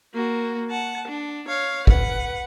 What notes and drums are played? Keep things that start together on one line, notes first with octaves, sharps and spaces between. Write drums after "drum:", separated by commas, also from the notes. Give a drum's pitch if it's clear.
A#3 F#4
F#5 A5
D4
C#5 F5
B4 F#5, drum: kick